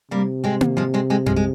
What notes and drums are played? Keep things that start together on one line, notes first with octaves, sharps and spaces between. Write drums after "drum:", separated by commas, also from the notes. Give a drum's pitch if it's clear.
C3 G3 A#3
G#3 C4
drum: tom A#3
F3 G#3
G#3 C4
G#3 C4
F3 G#3, drum: tom F#2
G#3